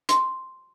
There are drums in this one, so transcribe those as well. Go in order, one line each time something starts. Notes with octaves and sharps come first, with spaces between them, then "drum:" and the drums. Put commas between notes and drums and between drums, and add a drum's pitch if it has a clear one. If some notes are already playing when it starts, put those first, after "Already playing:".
C6, drum: hi-hat